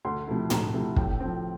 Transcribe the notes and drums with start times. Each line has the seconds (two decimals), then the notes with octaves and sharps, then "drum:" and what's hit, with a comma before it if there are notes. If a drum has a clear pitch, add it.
0.05 D2 C6
0.27 C3 F3 A3 E4
0.50 D2 A#5, drum: tom
0.74 C3 F3 A3 E4
0.96 A2 G5, drum: kick
1.20 F3 C4